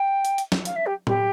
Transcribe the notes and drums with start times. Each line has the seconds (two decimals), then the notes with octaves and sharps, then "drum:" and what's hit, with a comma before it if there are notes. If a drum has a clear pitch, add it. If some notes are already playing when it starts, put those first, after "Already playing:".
Already playing: G5
0.25 drum: hi-hat
0.38 drum: hi-hat
0.52 drum: snare
0.65 F5, drum: hi-hat
0.75 E5
0.86 G4
1.07 G4, drum: tom A2